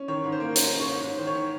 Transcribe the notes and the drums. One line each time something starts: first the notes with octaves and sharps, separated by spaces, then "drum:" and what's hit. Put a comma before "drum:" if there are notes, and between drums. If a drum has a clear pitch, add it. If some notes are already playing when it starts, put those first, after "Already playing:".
Already playing: C#4
D#3 C#5
G#2
C5
A#3
C#4 C5, drum: hi-hat
C#4
C#5
G#2
G#2
D#3 C5
C#5
D#3